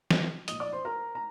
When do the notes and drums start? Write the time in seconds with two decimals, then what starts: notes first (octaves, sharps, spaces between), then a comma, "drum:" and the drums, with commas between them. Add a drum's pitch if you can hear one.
0.11 drum: snare
0.48 A#1 A#2 F3 D#5 D#6, drum: hi-hat
0.60 D5 D6
0.72 C5 C6
0.85 A#4 A#5
1.15 A#5